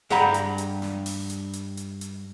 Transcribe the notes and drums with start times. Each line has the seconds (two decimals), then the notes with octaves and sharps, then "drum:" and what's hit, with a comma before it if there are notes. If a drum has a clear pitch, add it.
0.10 G2 G4 F#5 A#5 B5, drum: snare
0.34 drum: hi-hat
0.58 drum: hi-hat
0.82 drum: snare
1.06 drum: open hi-hat
1.30 drum: hi-hat
1.53 drum: hi-hat
1.77 drum: hi-hat
2.01 drum: hi-hat